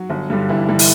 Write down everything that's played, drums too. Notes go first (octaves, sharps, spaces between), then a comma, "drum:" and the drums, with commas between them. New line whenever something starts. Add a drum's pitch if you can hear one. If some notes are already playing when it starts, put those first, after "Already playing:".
Already playing: F#3 F#4
G1
G2 D3 G3
G1 E3 E4
G2 D3 G3
E4, drum: open hi-hat